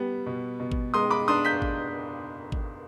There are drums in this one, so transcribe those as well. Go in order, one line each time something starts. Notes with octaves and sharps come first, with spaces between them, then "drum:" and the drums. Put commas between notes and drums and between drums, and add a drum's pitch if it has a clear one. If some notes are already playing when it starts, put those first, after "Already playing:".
Already playing: G3 B3
B2
B2
drum: kick G#1
G#3 C6 D#6
B5 D6
D4 C6 D#6
G6 B6
drum: kick G#1
drum: kick G#1